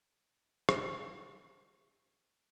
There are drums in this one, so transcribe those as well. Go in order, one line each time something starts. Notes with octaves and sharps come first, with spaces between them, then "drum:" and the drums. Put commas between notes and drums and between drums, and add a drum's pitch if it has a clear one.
F4, drum: rim click